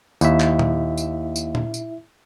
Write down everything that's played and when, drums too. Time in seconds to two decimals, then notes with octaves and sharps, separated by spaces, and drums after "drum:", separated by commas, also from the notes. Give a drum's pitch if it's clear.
0.21 D#2 E4 E5, drum: tambourine
0.40 drum: clap
0.59 drum: tom A#2
0.98 drum: tambourine
1.36 drum: tambourine
1.55 drum: tom A#2
1.74 drum: tambourine